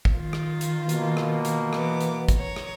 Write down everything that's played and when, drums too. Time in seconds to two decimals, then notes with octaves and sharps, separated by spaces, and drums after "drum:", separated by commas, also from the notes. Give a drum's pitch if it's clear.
0.05 drum: kick
0.15 D#3 F4
0.33 drum: rim click
0.61 drum: hi-hat
0.89 B2 A#3, drum: hi-hat
1.17 drum: rim click
1.45 drum: hi-hat
1.73 E3 B3 D6, drum: rim click
2.01 drum: hi-hat
2.29 drum: kick, hi-hat
2.38 C#5 A#5
2.56 drum: rim click